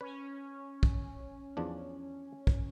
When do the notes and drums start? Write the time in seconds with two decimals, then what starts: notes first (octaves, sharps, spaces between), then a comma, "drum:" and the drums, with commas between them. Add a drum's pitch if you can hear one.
0.01 C#4 B4
0.83 drum: kick
1.57 E2 F3 D4
2.47 drum: kick